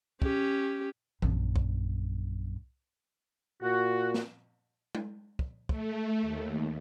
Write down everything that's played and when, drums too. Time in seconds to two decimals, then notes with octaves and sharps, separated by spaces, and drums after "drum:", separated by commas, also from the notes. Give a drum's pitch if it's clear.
0.22 C#4 G4, drum: kick
1.22 A#1 F#2, drum: tom E3
1.56 drum: kick
3.63 A#2 F#4
4.14 drum: snare
4.95 drum: tom G#3
5.39 drum: kick
5.69 A3, drum: kick
6.22 D#2